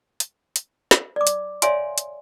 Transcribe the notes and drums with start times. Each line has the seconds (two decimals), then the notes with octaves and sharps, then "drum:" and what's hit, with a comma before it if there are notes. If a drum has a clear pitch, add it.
0.20 drum: hi-hat
0.56 drum: hi-hat
0.91 drum: snare
1.16 D5 D6
1.27 drum: hi-hat
1.62 C#5 D5 E5 F5 G#5 C6, drum: hi-hat
1.98 drum: hi-hat